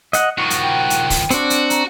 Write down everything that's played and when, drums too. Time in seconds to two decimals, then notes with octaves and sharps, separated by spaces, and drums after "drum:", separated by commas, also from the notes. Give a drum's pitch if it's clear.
0.13 D#5 F#5, drum: hi-hat
0.38 D#3 F3 F#4 C#6
0.50 drum: hi-hat
0.63 G5
0.90 drum: hi-hat
1.10 drum: kick, open hi-hat
1.31 C4 D4 F#4, drum: hi-hat
1.50 drum: hi-hat
1.70 A#5, drum: hi-hat